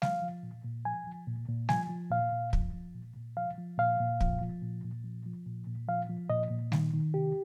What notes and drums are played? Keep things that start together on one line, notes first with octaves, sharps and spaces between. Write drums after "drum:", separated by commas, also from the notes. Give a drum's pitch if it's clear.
F3 F5, drum: snare G3
F3
A#2
A#2
F3 G#5
F3
A#2
A#2
F3 G#5, drum: snare G3
F3
A#2 F5
A#2
F3, drum: kick
F3
A#2
A#2
F3 F5
F3
A#2 F5
A#2
F3, drum: kick
F3
A#2
A#2
F3
F3
A#2
A#2
F3 F5
F3
A#2 D#5
A#2
D#3, drum: snare G3
D#3
C3 G4